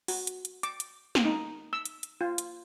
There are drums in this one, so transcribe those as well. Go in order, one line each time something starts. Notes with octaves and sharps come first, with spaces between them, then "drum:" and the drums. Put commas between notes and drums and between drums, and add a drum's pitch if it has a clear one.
F#4, drum: open hi-hat
drum: hi-hat
drum: hi-hat
D6, drum: hi-hat
drum: hi-hat
drum: snare
D#4
E6
drum: hi-hat
drum: hi-hat
F4
drum: hi-hat